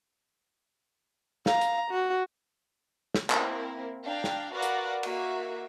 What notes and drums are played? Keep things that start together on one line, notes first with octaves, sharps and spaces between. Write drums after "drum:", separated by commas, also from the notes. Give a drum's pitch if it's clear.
F5 A#5, drum: snare
drum: hi-hat
F#4
drum: snare
A#3 C4 E4 A#4, drum: clap
D4 F5 G5 A#5
drum: snare
F#4 A#4 B4 D5 F5 F#5
drum: hi-hat
A#3 F#4 E5, drum: cymbal